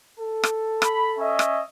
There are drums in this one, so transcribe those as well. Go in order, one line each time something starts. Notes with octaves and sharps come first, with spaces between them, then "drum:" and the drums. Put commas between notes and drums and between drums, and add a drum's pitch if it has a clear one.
A4
drum: rim click
B5, drum: rim click
C#4 D#5 E5
drum: rim click